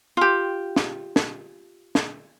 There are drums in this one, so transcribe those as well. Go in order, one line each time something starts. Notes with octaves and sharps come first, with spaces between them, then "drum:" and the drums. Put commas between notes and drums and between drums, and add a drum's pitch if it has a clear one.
F4 G4
drum: snare
drum: snare
drum: snare